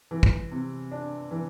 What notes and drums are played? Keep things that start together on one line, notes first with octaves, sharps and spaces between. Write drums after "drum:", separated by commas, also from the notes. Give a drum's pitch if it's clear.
E3
drum: kick
C3
D4
E3